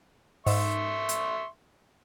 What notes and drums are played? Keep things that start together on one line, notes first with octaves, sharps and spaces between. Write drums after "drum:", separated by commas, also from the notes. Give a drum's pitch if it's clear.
G#2 E5 C6 C#6, drum: open hi-hat
drum: hi-hat